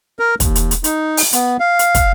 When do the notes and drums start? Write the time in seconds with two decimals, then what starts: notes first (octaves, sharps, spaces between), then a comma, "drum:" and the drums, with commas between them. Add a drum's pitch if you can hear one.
0.19 A#4
0.40 D#2, drum: kick, hi-hat
0.55 drum: hi-hat
0.71 drum: hi-hat
0.84 D#4, drum: hi-hat
1.17 drum: open hi-hat
1.33 B3, drum: hi-hat
1.60 F5
1.79 drum: hi-hat
1.95 drum: kick, hi-hat